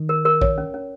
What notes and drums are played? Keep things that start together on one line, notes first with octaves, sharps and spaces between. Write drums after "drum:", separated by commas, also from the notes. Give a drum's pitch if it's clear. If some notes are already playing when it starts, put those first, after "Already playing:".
Already playing: D#3
A#4
A#4
C#5, drum: kick
C#4
C#4